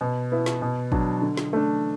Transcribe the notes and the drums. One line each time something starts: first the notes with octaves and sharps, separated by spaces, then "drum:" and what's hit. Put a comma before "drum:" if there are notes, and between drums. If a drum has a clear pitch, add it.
B2
B3 E4
drum: snare
B2
F#3 D4, drum: kick
D3
drum: snare
A3 D4